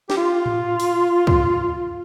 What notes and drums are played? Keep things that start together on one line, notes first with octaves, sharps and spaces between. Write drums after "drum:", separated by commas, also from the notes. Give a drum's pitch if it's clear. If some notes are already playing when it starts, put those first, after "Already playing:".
G4, drum: snare
F4
drum: tom A2
drum: open hi-hat
drum: kick